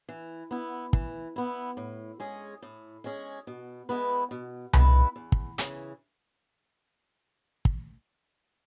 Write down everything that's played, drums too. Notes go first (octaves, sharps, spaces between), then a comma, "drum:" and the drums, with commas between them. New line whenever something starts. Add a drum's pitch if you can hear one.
E3
B3 E4
E3, drum: kick
B3 E4
A2
G#3 C#4 G#4
A2
G#3 C#4 G#4
B2
G#3 B3 E4 B4
B2
G#3 B3 E4 B4, drum: tom C2
E2
drum: kick
C#3 E3, drum: hi-hat
drum: kick